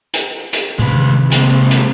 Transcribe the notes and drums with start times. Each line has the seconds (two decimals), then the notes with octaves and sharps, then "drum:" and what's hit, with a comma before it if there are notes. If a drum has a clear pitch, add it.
0.14 drum: hi-hat
0.53 drum: hi-hat
0.79 A2 C3 G#3 B4
0.96 C3 D#3 E3
1.32 C3 G#3 A#3 C4, drum: hi-hat
1.71 drum: hi-hat